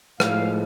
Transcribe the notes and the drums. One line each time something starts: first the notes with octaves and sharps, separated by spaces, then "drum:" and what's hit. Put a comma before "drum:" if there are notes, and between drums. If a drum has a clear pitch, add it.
A2 F3 G#3 F5, drum: rim click